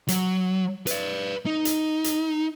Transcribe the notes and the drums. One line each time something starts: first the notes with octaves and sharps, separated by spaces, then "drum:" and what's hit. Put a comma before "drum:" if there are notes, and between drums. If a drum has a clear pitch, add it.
F#3, drum: hi-hat
B4 D5, drum: hi-hat
D#4
drum: hi-hat
drum: hi-hat